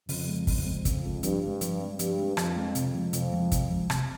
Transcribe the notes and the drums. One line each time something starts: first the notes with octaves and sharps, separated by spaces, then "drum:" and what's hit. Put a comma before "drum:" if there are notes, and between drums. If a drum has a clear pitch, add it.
F2 C#3, drum: open hi-hat
F3 G#3 C4
C#3, drum: kick, open hi-hat
F3 G#3 C4
F2 C#3, drum: kick, hi-hat
F3 G#3 C4
G2 F3, drum: hi-hat
G#3 C4
F3, drum: hi-hat
G#3 C4
G2 F3, drum: hi-hat
G#3 C4
F2 F3, drum: rim click
G#3 C4
C3, drum: hi-hat
F3 G#3
F2 C3, drum: hi-hat
F3 G#3
C3, drum: kick, hi-hat
F3 G#3
C3, drum: rim click